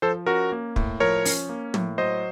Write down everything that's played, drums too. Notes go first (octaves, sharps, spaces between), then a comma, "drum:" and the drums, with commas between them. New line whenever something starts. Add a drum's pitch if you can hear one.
F3 A4 C5
C#4 F#4 A#4
A#3
A2, drum: kick
F3 A#4 C#5
C#4, drum: open hi-hat
A#3
A2, drum: tom
F#3 C5 D#5